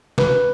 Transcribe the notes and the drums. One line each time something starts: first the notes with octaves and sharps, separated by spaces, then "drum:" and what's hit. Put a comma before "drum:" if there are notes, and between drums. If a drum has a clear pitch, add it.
B4, drum: snare